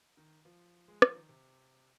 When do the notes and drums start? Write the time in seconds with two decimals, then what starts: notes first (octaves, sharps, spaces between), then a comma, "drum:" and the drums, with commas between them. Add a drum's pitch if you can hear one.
0.17 D#3
0.45 F3
0.88 G#3
1.02 F3, drum: rim click
1.15 D#3
1.29 C3